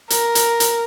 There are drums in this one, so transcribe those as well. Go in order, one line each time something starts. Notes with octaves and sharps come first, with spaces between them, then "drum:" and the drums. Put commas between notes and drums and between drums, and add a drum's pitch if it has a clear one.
A#4, drum: hi-hat
drum: hi-hat
drum: hi-hat